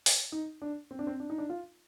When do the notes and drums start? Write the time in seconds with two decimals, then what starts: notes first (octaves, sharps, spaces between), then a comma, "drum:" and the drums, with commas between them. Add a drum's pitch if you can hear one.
0.06 drum: open hi-hat
0.32 D#4
0.62 D4
0.91 C4
0.99 D4
1.07 C4
1.20 D4
1.30 D#4
1.38 D4
1.49 F4